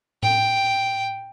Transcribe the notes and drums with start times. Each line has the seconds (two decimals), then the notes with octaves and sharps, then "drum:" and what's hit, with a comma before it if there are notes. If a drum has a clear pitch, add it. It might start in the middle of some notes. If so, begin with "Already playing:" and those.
0.23 G5, drum: tom A2